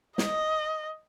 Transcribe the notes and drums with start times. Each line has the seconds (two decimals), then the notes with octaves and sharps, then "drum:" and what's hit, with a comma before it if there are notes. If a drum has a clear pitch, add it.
0.18 D#5, drum: snare